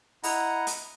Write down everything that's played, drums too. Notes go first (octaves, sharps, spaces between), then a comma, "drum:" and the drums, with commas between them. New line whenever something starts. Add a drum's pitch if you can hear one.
E4 D#5 F#5 A#5, drum: open hi-hat
drum: hi-hat